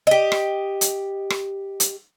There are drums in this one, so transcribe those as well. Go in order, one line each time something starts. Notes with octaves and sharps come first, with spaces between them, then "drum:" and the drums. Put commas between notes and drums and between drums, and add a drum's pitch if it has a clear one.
G4 D#5
drum: rim click
drum: hi-hat
drum: rim click
drum: hi-hat